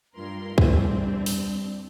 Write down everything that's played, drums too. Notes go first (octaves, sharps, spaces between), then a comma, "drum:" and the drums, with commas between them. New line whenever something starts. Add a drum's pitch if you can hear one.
G2 F4 A#4 C6
E3 G3 C4 D4, drum: kick
drum: open hi-hat